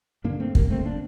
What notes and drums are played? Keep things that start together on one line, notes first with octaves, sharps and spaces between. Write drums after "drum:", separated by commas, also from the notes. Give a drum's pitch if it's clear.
G2 D3 A#3 D4
A3 C4
G3 A#3, drum: kick
A3 C4
A#3 D4